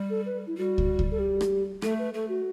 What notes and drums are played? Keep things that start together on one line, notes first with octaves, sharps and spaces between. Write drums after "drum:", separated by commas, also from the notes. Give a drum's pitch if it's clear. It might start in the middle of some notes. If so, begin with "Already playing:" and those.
Already playing: G3
A4
B4
E4
G3 F#4
drum: kick
drum: kick
A4
G4
drum: rim click
A3 A4, drum: rim click
B4
A3 A4
F#4